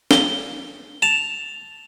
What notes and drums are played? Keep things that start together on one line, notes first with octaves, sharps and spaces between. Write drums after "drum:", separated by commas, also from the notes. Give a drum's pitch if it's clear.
G7, drum: snare
A5 F7